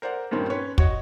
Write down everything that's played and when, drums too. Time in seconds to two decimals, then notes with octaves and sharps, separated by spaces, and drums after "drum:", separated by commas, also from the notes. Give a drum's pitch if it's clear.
0.02 A#4 C5 D5 F#5
0.31 G2 A#2 D#3 C4 C#4
0.50 C#4 B4 C#5 C6
0.78 F#4 C#5 D#5, drum: kick